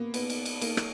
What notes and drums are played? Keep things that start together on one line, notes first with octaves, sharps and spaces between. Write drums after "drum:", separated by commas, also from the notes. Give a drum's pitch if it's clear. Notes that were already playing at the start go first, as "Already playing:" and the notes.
Already playing: A#3 B3
B3, drum: cymbal
drum: cymbal
drum: cymbal
A#3, drum: cymbal
drum: rim click